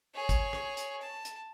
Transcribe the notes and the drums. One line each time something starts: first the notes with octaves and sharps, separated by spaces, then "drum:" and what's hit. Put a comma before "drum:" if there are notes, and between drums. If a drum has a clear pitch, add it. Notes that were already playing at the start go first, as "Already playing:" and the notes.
G#4 C#5
drum: kick, hi-hat
drum: rim click
drum: hi-hat
A5
drum: hi-hat